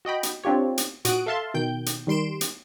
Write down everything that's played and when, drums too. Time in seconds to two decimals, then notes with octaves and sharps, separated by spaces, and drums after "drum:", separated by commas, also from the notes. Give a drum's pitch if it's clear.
0.05 F#4 D#5 G5 B5
0.23 drum: hi-hat
0.44 C4 D4 F4 G4 C#5
0.78 drum: hi-hat
1.05 A#2 F#4 D#6 F#6 D7, drum: hi-hat
1.26 A4 E5 F5 A5 C6
1.54 B2 D#3 G5 G6
1.86 drum: hi-hat
2.07 D#3 G3 C6 D7 E7
2.41 drum: hi-hat